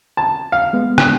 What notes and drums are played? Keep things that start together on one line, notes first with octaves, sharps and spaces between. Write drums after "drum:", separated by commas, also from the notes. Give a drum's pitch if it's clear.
A5
F5
G#3 B3
drum: rim click